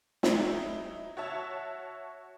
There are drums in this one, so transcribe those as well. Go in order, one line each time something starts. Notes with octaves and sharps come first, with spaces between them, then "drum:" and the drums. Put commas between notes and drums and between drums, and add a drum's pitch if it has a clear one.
F#3 D#4 E4, drum: snare
F#4 C#5 E5 A5